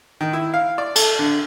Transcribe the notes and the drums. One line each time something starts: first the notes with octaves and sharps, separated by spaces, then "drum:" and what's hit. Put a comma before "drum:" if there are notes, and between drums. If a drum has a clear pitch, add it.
D#3
E4
F5
D5
A4, drum: cymbal
D3